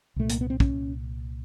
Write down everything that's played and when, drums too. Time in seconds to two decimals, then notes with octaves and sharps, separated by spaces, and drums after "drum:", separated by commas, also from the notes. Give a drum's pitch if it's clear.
0.16 C2 A#2 A3
0.30 A#3, drum: hi-hat
0.41 B3
0.50 C4
0.60 C#4, drum: kick